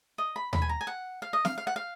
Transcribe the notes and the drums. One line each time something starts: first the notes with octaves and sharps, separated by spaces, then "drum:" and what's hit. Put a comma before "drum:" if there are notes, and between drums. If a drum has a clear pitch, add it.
D#5
B5
B5, drum: tom D#2
G#5
A#5
G#5
F#5
F5
D#5
F5, drum: snare
F5
F#5
F5